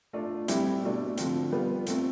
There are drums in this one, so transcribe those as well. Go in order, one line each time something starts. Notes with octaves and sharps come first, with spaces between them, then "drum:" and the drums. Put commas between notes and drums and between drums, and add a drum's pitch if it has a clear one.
A3 D4 F4
G3 C4 E4 G4, drum: hi-hat
B2 A3 D4
D3 F3 C4, drum: hi-hat
G3 B3 F4
A3 C4 F4, drum: hi-hat